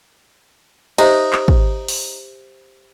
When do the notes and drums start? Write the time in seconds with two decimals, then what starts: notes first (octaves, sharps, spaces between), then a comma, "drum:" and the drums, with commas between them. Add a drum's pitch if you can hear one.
0.98 D#4 G4 C5 E5, drum: cymbal
1.33 drum: clap
1.48 drum: kick
1.88 drum: open hi-hat